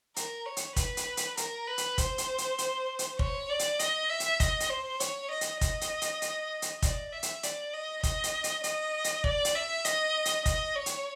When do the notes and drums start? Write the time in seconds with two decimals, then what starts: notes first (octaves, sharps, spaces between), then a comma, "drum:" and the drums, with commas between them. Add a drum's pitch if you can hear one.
0.16 A#4, drum: hi-hat
0.46 C#5
0.57 drum: hi-hat
0.76 B4, drum: kick, hi-hat
0.97 drum: hi-hat
1.17 drum: hi-hat
1.37 A#4, drum: hi-hat
1.67 B4
1.78 drum: hi-hat
1.98 C5, drum: kick, hi-hat
2.18 drum: hi-hat
2.38 drum: hi-hat
2.58 drum: hi-hat
2.99 drum: hi-hat
3.19 C#5, drum: kick
3.50 D5
3.59 drum: hi-hat
3.79 D#5, drum: hi-hat
4.10 E5
4.20 drum: hi-hat
4.40 D#5, drum: kick, hi-hat
4.60 drum: hi-hat
4.70 C5
5.00 C#5, drum: hi-hat
5.31 D#5
5.41 drum: hi-hat
5.61 D#5, drum: kick, hi-hat
5.81 drum: hi-hat
6.02 drum: hi-hat
6.22 drum: hi-hat
6.62 drum: hi-hat
6.82 D5, drum: kick, hi-hat
7.12 E5
7.23 drum: hi-hat
7.43 D5, drum: hi-hat
7.73 D#5
8.03 D#5, drum: kick, hi-hat
8.24 drum: hi-hat
8.44 drum: hi-hat
8.64 D#5, drum: hi-hat
9.04 drum: hi-hat
9.24 D5, drum: kick
9.45 drum: hi-hat
9.55 E5
9.85 D#5, drum: hi-hat
10.25 drum: hi-hat
10.46 D#5, drum: kick, hi-hat
10.75 C#5
10.86 drum: hi-hat